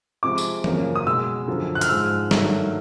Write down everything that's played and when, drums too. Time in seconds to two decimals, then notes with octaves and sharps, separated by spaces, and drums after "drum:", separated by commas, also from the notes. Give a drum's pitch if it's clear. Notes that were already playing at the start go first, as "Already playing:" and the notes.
0.23 C3 F3 G#3 D6
0.38 drum: tambourine
0.64 F#2 C#3 F3 A#3, drum: tom E3
0.95 D#6
1.06 B2 G#3 E6
1.48 F#2 D3 F3
1.75 F#6
1.81 F6, drum: hi-hat
1.89 G#2 F3 G#3 E6
2.31 G2 D#3 F#3 A3, drum: snare